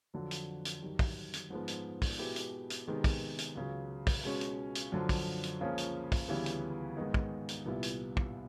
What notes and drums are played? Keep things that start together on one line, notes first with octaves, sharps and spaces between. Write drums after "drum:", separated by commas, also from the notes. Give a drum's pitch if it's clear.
F2 D3 F#3
drum: hi-hat
drum: hi-hat
F#2 D#3 G3
drum: kick, open hi-hat
drum: hi-hat
G#2 F3 G#3 B3
drum: hi-hat
drum: kick, open hi-hat
B2 G#3 B3 E4 G4
drum: hi-hat
drum: hi-hat
C3 D#3 G#3 B3
drum: kick, open hi-hat
drum: hi-hat
C#2 C#3 F#3
drum: kick, open hi-hat
B2 G#3 C#4
drum: hi-hat
drum: hi-hat
F#2 D3 F3
drum: kick, open hi-hat
drum: hi-hat
C#2 C#3 F3 A#3 C#4
drum: hi-hat
drum: kick, open hi-hat
D2 C#3 E3 G3 B3
drum: hi-hat
G#2 D#3 G#3 B3 D#4
drum: kick
drum: hi-hat
C2 A#2 G3 B3 E4
drum: hi-hat
drum: kick